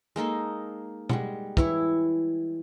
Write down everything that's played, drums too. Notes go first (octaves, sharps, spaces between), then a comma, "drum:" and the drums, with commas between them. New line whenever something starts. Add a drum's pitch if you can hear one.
G#3 A#3 D#4 A4
G3 G#3 F#5, drum: tom B2
E3 E4 C#5, drum: kick